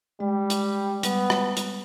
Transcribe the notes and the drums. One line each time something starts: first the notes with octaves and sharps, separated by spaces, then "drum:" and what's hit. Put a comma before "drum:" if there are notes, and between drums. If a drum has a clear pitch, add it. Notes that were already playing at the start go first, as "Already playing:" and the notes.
G3 G#3
drum: hi-hat
G3 B3, drum: hi-hat
drum: rim click
drum: hi-hat